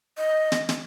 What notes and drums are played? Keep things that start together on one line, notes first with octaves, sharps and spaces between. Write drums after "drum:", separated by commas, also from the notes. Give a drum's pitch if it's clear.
D#5
drum: snare
drum: snare